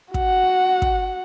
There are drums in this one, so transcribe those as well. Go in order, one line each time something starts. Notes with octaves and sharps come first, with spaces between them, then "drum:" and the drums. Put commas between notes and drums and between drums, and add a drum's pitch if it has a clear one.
F#4 F#5, drum: kick
drum: kick